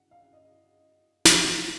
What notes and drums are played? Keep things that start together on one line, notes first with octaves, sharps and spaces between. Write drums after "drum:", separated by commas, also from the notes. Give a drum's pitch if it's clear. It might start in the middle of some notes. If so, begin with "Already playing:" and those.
Already playing: F#5
F5
D#5
drum: snare